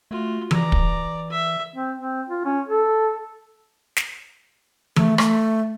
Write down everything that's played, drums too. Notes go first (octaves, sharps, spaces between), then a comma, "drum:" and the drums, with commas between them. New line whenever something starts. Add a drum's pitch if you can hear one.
A3 F4 F#4
E3 D5 A#5, drum: tom E3
drum: kick
E5
C4
C4
F4
C#4
A4
drum: snare
A3, drum: tom E3
A3, drum: rim click